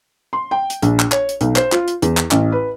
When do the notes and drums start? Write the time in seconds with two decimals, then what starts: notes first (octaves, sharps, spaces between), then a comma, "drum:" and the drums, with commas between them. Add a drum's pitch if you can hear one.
0.33 C6
0.51 G5
0.70 drum: hi-hat
0.82 A#1, drum: hi-hat
0.99 drum: clap
1.12 C#5, drum: clap
1.29 drum: hi-hat
1.41 B1, drum: hi-hat
1.56 C5, drum: clap
1.72 F4, drum: clap
1.88 drum: hi-hat
2.02 E2, drum: hi-hat
2.17 drum: clap
2.31 A1, drum: clap
2.52 B4